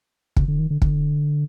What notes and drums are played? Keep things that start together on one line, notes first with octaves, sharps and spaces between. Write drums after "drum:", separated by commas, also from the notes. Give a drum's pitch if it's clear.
C#3, drum: kick
D3
D#3
D3
D3, drum: kick